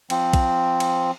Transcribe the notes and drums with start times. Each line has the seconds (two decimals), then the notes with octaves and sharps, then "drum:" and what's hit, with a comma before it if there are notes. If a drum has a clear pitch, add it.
0.10 F3 C4, drum: cymbal
0.33 drum: kick B1, cymbal
0.80 drum: cymbal